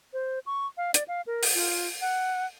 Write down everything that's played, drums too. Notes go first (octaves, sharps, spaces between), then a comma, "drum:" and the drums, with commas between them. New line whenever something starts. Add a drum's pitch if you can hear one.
C5
C#6
F5
D5, drum: hi-hat
F5
A#4
drum: open hi-hat
F4
F#5